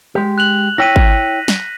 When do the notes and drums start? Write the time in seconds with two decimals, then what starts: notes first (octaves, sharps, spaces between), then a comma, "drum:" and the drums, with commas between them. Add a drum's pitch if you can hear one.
0.15 G#3 G4
0.38 F#6 F7 F#7
0.78 E4 C#5 G5 A#6 B6 D#7
0.96 drum: kick G#1
1.48 drum: snare